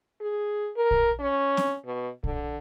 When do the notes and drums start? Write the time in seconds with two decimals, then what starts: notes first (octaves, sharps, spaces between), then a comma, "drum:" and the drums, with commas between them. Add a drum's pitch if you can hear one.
0.20 G#4
0.77 A#4
0.91 drum: kick A#1
1.19 C#4
1.57 drum: snare
1.86 B2
2.24 D3, drum: kick A#1